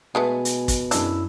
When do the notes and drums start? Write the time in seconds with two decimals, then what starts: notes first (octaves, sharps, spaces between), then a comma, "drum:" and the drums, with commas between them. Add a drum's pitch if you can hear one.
0.15 B2 G#3 A3 B3 G#5
0.45 drum: hi-hat
0.68 drum: kick, hi-hat
0.91 F#2 G#3 D4 E4 E6, drum: hi-hat